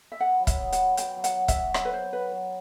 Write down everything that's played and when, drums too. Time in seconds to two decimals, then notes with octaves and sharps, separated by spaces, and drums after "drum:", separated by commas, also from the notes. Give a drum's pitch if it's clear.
0.12 E5
0.20 B3 F#5
0.40 F#3
0.47 E5, drum: kick, hi-hat
0.60 B3
0.72 F#5, drum: hi-hat
0.78 F#4
0.97 F#4 G5, drum: hi-hat
1.17 F#3
1.24 F#5, drum: hi-hat
1.36 F#3
1.48 E5, drum: kick, hi-hat
1.55 F#4
1.74 F#3 E5, drum: rim click
1.85 B4
1.93 B3 C5
2.13 F#4 B4
2.32 F#3